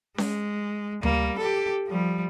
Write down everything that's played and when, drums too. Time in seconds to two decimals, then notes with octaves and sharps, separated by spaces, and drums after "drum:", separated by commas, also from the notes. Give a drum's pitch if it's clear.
0.18 G#3, drum: snare C#4
1.03 G3 A#3, drum: tom D2
1.39 G4 A4
1.87 F3 G3